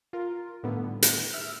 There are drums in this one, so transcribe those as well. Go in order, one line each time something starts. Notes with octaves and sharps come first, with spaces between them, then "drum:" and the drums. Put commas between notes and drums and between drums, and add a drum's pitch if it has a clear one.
F4 A#4
A2 D3 D#3 G3 B3
drum: hi-hat
E5 E6 F6